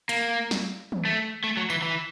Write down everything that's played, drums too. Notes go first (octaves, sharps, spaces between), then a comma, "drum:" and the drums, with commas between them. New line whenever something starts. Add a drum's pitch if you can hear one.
A#3, drum: hi-hat
drum: snare
drum: tom
A3
A3
F#3
E3, drum: tambourine
E3